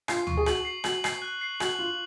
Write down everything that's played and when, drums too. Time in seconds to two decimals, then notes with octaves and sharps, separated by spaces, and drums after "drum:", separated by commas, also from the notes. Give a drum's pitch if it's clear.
0.08 F4 C7, drum: rim click
0.27 C#6, drum: tom D2
0.37 G#4
0.46 F#4 F#7, drum: rim click
0.65 C7
0.84 F#4 F#7, drum: rim click
1.04 C7, drum: rim click
1.22 F#6
1.41 C7
1.60 F#4 F#7, drum: rim click
1.79 F4 F#7